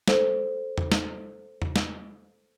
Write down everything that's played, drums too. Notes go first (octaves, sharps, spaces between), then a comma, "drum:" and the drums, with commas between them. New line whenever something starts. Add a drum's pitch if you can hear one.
A4 C5, drum: snare
drum: tom E2
drum: snare
drum: tom E2
drum: snare